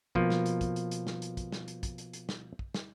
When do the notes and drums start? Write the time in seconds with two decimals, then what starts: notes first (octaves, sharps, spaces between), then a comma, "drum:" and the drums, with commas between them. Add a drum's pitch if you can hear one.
0.15 B2 F3 A#3, drum: kick
0.30 drum: snare
0.46 drum: hi-hat
0.61 drum: kick, hi-hat
0.76 drum: hi-hat
0.91 drum: hi-hat
1.07 drum: snare
1.22 drum: hi-hat
1.37 drum: kick, hi-hat
1.52 drum: snare
1.68 drum: hi-hat
1.83 drum: kick, hi-hat
1.98 drum: hi-hat
2.13 drum: hi-hat
2.29 drum: snare
2.59 drum: kick
2.74 drum: snare